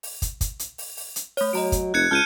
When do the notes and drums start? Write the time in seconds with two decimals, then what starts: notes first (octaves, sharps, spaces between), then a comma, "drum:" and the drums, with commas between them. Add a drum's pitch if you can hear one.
0.03 drum: open hi-hat
0.22 drum: kick, hi-hat
0.41 drum: kick, hi-hat
0.59 drum: hi-hat
0.78 drum: open hi-hat
0.97 drum: open hi-hat
1.16 drum: hi-hat
1.37 A3 C#5, drum: open hi-hat
1.53 F#3 D#5 A#5 D7, drum: open hi-hat
1.72 drum: kick, hi-hat
1.94 F1 F#6 G#6 C#7
2.11 C#2 A5 F6 G6 D#7